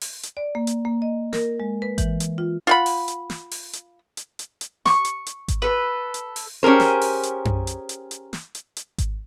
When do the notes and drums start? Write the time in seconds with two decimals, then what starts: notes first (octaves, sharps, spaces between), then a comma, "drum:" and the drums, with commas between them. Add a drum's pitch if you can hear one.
0.01 drum: open hi-hat
0.23 drum: hi-hat
0.37 D5
0.55 A#3
0.67 drum: hi-hat
0.85 A#3
1.02 D#5
1.33 A#4, drum: snare
1.60 G#3
1.82 B4
1.98 E3, drum: kick G#1, hi-hat
2.20 drum: hi-hat
2.38 F4
2.67 F4 F#5 B5
2.86 drum: open hi-hat
3.08 drum: hi-hat
3.30 drum: snare
3.51 drum: open hi-hat
3.73 drum: hi-hat
4.17 drum: hi-hat
4.39 drum: hi-hat
4.61 drum: hi-hat
4.86 C#6, drum: snare
5.05 drum: hi-hat
5.26 drum: hi-hat
5.48 drum: kick G#1, hi-hat
5.62 A4 B4
6.14 drum: hi-hat
6.36 drum: open hi-hat
6.63 C#4 G4 G#4 A#4 C5
6.80 drum: snare
7.01 drum: open hi-hat
7.23 drum: hi-hat
7.45 drum: tom F#2
7.67 drum: hi-hat
7.89 drum: hi-hat
8.11 drum: hi-hat
8.33 drum: snare
8.55 drum: hi-hat
8.77 drum: hi-hat
8.98 drum: kick G#1, hi-hat